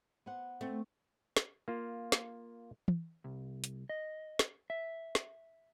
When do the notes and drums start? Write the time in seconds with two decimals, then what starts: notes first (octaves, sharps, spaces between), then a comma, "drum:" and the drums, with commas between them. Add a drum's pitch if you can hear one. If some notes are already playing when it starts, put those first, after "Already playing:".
0.26 B3 C5 F#5
0.61 A3 C4
1.37 drum: snare
1.68 A#3 F4
2.12 drum: snare
2.88 drum: tom
3.24 C2
3.64 drum: hi-hat
3.89 D#5
4.39 drum: snare
4.70 E5
5.15 drum: snare